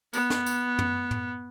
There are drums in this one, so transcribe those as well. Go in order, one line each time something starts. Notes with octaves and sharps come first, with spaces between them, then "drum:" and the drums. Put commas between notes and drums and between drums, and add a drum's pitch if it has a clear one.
B3, drum: tambourine
drum: snare
drum: tambourine
drum: tom
drum: tom